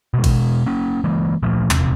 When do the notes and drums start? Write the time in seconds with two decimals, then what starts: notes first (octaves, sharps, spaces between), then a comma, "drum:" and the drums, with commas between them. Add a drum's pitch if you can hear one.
0.14 B2 G#3
0.24 drum: kick, cymbal
0.66 A#3 C#4
1.04 E3 G#3 A#3
1.43 A#2 F3 A3
1.71 D#1 E2 C3, drum: clap